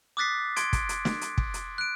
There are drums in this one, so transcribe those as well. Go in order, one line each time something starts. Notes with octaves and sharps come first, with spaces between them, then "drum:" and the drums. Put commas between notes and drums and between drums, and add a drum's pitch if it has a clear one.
D6 D#6 F#6 A6 B6 C7
C6 G#6 D7, drum: hi-hat
drum: kick, hi-hat
drum: hi-hat
drum: snare
drum: hi-hat
drum: kick
drum: hi-hat
F#6 D7